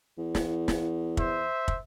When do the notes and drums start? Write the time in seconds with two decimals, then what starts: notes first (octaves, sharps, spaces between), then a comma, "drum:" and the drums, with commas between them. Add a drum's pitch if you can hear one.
0.18 E2
0.35 drum: snare
0.68 drum: snare
1.17 C5 E5, drum: kick
1.68 drum: kick